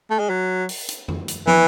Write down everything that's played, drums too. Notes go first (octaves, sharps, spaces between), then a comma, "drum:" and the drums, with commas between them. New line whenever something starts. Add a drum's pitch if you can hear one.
A3
G#3
F#3
drum: open hi-hat
drum: hi-hat
drum: tom F2
drum: hi-hat
E3, drum: tom